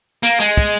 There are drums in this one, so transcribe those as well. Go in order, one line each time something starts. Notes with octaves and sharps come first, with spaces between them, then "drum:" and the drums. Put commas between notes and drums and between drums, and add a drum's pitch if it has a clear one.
A#3
G#3
drum: kick